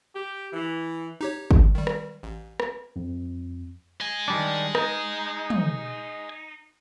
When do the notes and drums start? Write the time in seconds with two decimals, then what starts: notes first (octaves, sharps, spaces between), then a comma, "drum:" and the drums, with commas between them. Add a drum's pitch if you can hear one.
0.15 G4
0.53 E3
1.21 D#4 G4 C#5
1.51 drum: kick
1.75 D#3 G3
1.87 drum: rim click
2.23 A1
2.60 drum: rim click
2.96 F2
4.01 D#5 G#5
4.28 D#3 G3 D4
4.75 D#4, drum: rim click
5.50 drum: tom